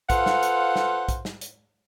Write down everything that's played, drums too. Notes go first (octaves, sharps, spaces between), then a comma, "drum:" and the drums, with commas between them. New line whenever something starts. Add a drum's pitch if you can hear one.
F4 A4 B4 C5 F5 F#5, drum: kick, hi-hat
drum: snare
drum: hi-hat
drum: snare
drum: kick, hi-hat
drum: snare
drum: hi-hat